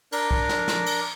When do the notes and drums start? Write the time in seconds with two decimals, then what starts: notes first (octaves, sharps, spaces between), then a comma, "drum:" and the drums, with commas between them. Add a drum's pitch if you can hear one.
0.12 D4 A#4, drum: cymbal
0.31 drum: kick B1
0.49 drum: snare
0.68 drum: snare
0.86 drum: cymbal